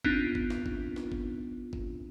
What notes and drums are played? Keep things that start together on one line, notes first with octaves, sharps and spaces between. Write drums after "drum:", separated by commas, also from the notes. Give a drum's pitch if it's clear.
B3 C4 D4 D#4 F4, drum: kick G1
drum: kick G1
drum: snare
drum: kick G1
drum: snare
drum: kick G1
drum: kick G1